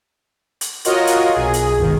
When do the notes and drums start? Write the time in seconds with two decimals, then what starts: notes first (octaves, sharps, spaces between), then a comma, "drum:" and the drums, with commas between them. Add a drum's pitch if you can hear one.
0.61 drum: hi-hat
0.85 F4 F#4 A#4 C#5 D#5, drum: hi-hat
1.07 drum: hi-hat
1.33 B1 G#4
1.54 drum: hi-hat
1.77 G1 C#2 D#3